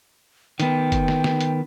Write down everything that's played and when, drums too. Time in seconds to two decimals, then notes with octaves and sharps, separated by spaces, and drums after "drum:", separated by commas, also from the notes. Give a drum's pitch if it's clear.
0.60 D#3 B3 G5, drum: hi-hat
0.92 drum: kick, hi-hat
1.08 drum: snare
1.24 drum: snare
1.41 drum: hi-hat